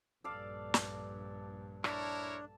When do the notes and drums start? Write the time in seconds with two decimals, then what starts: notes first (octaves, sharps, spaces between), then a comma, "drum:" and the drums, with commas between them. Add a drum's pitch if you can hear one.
0.24 A#1 G2 A4 D5 F5
0.74 drum: snare
1.84 D4 E4 A#4 C#5 A5, drum: rim click